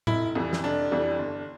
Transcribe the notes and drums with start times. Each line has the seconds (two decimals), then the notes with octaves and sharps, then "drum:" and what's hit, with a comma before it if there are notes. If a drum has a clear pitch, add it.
0.07 F1 E4, drum: tom A2
0.35 F2 E3 G3
0.53 drum: snare
0.63 F1 D4
0.91 F2 E3 G3
1.19 G1